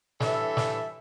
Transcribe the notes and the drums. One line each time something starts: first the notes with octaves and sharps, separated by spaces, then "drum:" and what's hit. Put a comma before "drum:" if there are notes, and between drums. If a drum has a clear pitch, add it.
G2 E3 A4 C#5 E5, drum: snare
drum: snare